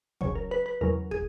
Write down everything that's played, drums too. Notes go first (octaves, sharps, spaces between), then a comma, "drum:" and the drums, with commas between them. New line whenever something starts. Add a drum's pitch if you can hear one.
C#2 C#3 F#3 C#5, drum: kick
A#4
B4
B4
E2 C#3 F#3 A#4
G#4, drum: kick